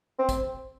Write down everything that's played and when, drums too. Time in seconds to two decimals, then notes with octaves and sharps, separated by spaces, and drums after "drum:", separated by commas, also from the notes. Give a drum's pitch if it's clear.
0.19 C4
0.29 drum: kick, tambourine